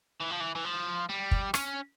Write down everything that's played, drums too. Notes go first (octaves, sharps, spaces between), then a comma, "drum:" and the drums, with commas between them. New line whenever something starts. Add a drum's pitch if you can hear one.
E3
F3
E3
E3
F3
G3
drum: kick
C#4, drum: rim click